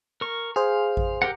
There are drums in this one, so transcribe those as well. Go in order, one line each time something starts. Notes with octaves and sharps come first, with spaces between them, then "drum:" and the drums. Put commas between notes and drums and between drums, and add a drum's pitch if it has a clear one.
A#4 C#6
G#4 C5 F5
drum: kick A1
G4 A#4 F#5